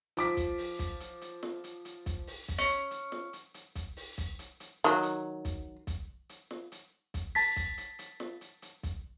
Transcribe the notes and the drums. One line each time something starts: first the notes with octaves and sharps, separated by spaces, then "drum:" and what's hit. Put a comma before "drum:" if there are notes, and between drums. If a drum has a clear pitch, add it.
F3 D6 B6, drum: hi-hat
drum: kick, hi-hat
drum: open hi-hat
drum: kick, hi-hat
drum: hi-hat
drum: hi-hat
drum: snare
drum: hi-hat
drum: hi-hat
drum: kick, hi-hat
drum: open hi-hat
drum: kick, hi-hat
C#4
drum: hi-hat
drum: hi-hat
drum: snare
drum: hi-hat
drum: hi-hat
drum: kick, hi-hat
drum: open hi-hat
drum: kick, hi-hat
drum: hi-hat
drum: hi-hat
D#3 F#3
drum: hi-hat
drum: kick, hi-hat
drum: kick, hi-hat
drum: hi-hat
drum: snare
drum: hi-hat
drum: kick, hi-hat
A5 A6 B6, drum: open hi-hat
drum: kick, hi-hat
drum: hi-hat
drum: hi-hat
drum: snare
drum: hi-hat
drum: hi-hat
drum: kick, hi-hat